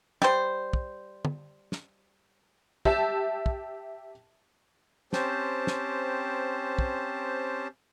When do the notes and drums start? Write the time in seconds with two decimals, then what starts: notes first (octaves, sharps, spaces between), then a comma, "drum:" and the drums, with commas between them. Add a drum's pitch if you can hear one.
0.22 G3 C5, drum: snare
0.73 drum: kick
1.25 drum: tom
1.72 drum: snare
2.85 G4 E5 A5, drum: kick
3.46 drum: kick
5.13 C4 C#4 G4 C5 A5, drum: snare
5.67 drum: snare
6.79 drum: kick